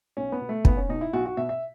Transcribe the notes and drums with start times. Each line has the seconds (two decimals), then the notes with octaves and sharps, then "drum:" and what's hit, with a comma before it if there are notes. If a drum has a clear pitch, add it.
0.17 B1 C#4
0.32 B3
0.41 B2
0.49 A3
0.65 B1 B3, drum: kick
0.77 C#4
0.89 B2 D#4
1.01 E4
1.13 B1 F#4
1.26 F#4
1.37 B2 E5
1.49 E5